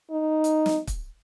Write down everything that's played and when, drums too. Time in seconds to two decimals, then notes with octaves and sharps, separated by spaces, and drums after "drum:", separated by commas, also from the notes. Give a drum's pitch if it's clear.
0.11 D#4
0.44 drum: hi-hat
0.66 drum: snare
0.87 drum: kick, hi-hat